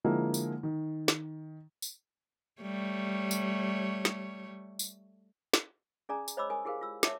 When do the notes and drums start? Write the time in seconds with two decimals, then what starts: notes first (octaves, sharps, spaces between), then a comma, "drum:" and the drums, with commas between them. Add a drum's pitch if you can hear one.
0.04 D3 F3 G#3 A#3 E4
0.34 drum: tambourine
0.63 D#3
1.08 drum: snare
1.82 drum: tambourine
2.62 G3 A3 C#5
3.31 drum: tambourine
4.05 drum: snare
4.79 drum: tambourine
5.54 drum: snare
6.09 C#4 G#4 D5 G#5 A#5 D#6
6.28 drum: tambourine
6.37 C5 C#5 D#5 B5 D6 E6
6.50 A#4 G#5 D#6
6.65 E4 G4 G#4 A#4 C5 F5
6.81 F4 E6
7.03 C#5 E5 A5 D6, drum: snare